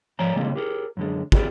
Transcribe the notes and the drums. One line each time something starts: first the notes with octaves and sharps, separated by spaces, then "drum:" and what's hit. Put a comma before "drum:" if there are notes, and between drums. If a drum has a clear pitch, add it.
G#2 F3 C#5 D5 G#5 A#5
C#3 G3 G#3 A#3 C4
G4 G#4 A#4
F#2 D3 G#3
C4 F4 G4 G#4 D5, drum: kick